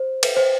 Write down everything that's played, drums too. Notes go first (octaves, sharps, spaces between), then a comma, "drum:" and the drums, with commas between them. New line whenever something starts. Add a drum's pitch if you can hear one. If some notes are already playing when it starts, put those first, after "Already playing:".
Already playing: C5
B4, drum: cymbal
C5